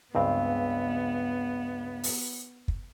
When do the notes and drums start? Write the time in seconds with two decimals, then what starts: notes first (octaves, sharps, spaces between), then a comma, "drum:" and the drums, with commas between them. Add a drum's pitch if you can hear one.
0.15 C#2 G2 B3 C4
2.04 drum: open hi-hat
2.68 drum: kick